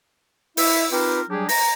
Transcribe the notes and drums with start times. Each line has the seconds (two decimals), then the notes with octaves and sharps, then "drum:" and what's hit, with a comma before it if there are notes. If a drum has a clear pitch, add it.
0.57 E4 E5, drum: open hi-hat
0.91 C4 D#4 F4 G4 A#4 B4
1.29 F#3 G3 D4 G4 G#4
1.49 A#5, drum: open hi-hat